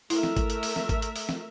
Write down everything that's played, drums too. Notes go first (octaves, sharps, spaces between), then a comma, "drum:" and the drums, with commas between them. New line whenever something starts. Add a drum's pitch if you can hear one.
A3 E4 A#4 E5, drum: open hi-hat
drum: snare
drum: kick G#1, hi-hat
drum: hi-hat
drum: open hi-hat
drum: snare
drum: kick G#1, hi-hat
drum: hi-hat
drum: open hi-hat
drum: snare